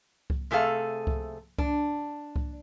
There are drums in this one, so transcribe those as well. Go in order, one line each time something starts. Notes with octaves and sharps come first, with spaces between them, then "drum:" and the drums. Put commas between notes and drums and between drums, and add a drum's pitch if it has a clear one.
drum: kick C2
C3 A3 G#4 A4 F5
drum: kick C2
D4, drum: kick C2
drum: kick C2